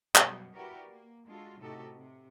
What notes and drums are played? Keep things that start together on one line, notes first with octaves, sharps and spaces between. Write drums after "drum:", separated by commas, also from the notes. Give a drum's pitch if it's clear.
F#2 B2 G3, drum: clap
E4 F#4 G4 A#4 B4 D5
A#3
G#3 D4 F4 F#4 A4
A2 C3 D#4 F#4 G4 A4
C3